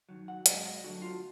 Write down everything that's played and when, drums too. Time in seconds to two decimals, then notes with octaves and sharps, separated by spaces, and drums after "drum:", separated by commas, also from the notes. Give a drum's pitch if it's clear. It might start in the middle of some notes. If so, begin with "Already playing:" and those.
0.09 F#2 D#3 F#3
0.28 F#5
0.46 G#2 F#3 F5, drum: hi-hat
0.64 D#5
0.84 D2 D3 F#3 F#4
1.02 F4